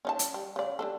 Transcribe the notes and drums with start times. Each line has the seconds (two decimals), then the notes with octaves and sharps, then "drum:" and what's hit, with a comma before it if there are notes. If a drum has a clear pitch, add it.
0.05 C#4 D#4 A5
0.19 drum: hi-hat
0.34 G3
0.56 C#3 D5
0.79 G3 D4 A4